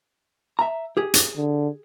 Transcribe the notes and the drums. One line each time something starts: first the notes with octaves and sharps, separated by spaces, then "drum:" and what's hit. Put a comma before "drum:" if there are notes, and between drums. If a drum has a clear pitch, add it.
E5 A#5
G4 G#4
drum: hi-hat
D3